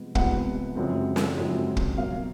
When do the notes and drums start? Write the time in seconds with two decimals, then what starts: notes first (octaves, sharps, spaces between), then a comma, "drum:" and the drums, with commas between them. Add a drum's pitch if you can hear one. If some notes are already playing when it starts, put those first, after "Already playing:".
Already playing: C3 F3 G#3 B3
0.15 C3 F3 G#3 B3 F#5, drum: kick
0.75 F#2 C#3 F3 G#3 C4
1.16 drum: snare
1.36 F#2 C#3 F3 G#3 C4
1.77 drum: kick
1.97 B2 F#3 A#3 F5